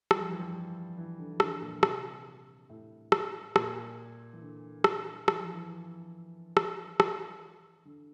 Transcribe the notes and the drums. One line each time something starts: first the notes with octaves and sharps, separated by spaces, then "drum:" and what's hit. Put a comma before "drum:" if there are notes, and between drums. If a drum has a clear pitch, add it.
G3, drum: rim click
F3
E3
F3
E3
D3
E3
D3, drum: rim click
A#2
C3, drum: rim click
A2
drum: rim click
A#2, drum: rim click
E3
D3
drum: rim click
E3, drum: rim click
F3
E3
drum: rim click
drum: rim click
D3